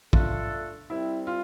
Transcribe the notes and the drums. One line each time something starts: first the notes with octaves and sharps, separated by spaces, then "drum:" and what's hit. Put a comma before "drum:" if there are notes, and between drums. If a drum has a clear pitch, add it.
D3 A3 D4 F4 A4, drum: kick
C2 C3 G3 C4 E4
F4